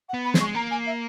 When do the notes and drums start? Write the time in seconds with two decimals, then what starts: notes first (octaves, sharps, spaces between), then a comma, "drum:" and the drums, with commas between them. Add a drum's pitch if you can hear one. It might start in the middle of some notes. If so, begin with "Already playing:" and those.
0.09 F#5
0.14 B3
0.25 B5
0.34 G#3, drum: snare
0.40 C#6
0.55 A#3 A#5
0.71 G#5
0.87 E5